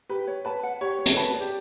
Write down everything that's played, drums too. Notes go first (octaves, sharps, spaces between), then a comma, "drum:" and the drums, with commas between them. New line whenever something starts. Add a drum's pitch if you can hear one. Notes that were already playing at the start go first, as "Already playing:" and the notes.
G4 B4
C#5
B4 A5
F#5
G4 C#5
C#5
A4, drum: hi-hat
B4 A5
D5
G4